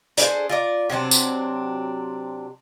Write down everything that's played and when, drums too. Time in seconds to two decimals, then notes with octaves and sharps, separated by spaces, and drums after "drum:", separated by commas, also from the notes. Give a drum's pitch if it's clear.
0.17 D4 G#4 A4 C5, drum: hi-hat
0.49 F4 A#4 D5
0.90 C3 F#3 C4 D4
1.11 drum: tambourine